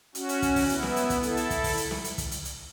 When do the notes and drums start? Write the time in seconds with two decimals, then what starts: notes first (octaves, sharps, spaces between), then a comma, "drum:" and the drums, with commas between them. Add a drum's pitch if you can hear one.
0.15 C#4 F#4, drum: hi-hat
0.29 drum: hi-hat
0.42 drum: kick, hi-hat
0.56 drum: kick, open hi-hat
0.69 B3 E4, drum: hi-hat
0.83 drum: snare
0.96 drum: hi-hat
1.10 drum: kick, hi-hat
1.23 E4 A4, drum: hi-hat
1.37 drum: hi-hat
1.50 drum: kick, hi-hat
1.64 drum: kick, open hi-hat
1.77 drum: hi-hat
1.91 drum: snare
2.04 drum: hi-hat
2.18 drum: kick, hi-hat
2.31 drum: hi-hat
2.45 drum: hi-hat